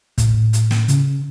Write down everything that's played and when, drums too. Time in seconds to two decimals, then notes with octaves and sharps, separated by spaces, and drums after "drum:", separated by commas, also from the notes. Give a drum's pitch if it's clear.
0.18 A2, drum: kick, hi-hat
0.53 drum: hi-hat
0.71 drum: snare
0.88 C#3, drum: hi-hat